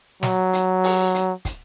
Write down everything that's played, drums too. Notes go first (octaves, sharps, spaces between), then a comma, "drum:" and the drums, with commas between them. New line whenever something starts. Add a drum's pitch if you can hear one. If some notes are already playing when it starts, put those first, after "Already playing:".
F#3, drum: snare
drum: hi-hat
drum: open hi-hat
drum: hi-hat
drum: kick, hi-hat